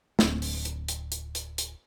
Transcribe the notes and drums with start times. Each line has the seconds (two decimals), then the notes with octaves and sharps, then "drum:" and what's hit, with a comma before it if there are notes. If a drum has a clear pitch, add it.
0.19 D1 C4 D4, drum: snare
0.42 drum: open hi-hat
0.65 drum: hi-hat
0.88 drum: hi-hat
1.12 drum: hi-hat
1.35 drum: hi-hat
1.58 drum: hi-hat